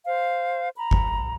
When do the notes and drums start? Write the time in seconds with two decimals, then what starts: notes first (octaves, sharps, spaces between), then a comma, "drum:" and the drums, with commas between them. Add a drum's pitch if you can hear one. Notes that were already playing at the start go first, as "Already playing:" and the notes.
0.05 C5 F5
0.77 A#5 B5
0.91 drum: kick G1